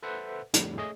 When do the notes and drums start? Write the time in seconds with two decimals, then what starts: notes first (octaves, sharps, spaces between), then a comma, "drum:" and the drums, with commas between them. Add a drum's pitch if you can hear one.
0.03 A4 B4 C5 E5 F#5
0.54 F2 A2 D3 G3, drum: hi-hat
0.77 A3 G#4 C#5 D#5